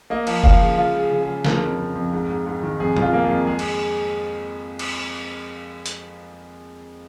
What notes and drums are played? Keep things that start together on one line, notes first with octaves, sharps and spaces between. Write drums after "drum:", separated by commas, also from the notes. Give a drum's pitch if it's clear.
A#3 D#5
F3, drum: cymbal
F3 F5, drum: kick F1
C#3
C#3 F4
G#3 G#4
C#3
G#4
C#3
F3 A#4, drum: snare
F2
F2
F2
G#2
G#2
G#2
D#3
F2 G#4
F2, drum: tom A#2
F4
A#3
G#4
F2
G#3 G#4
drum: cymbal
drum: cymbal
drum: hi-hat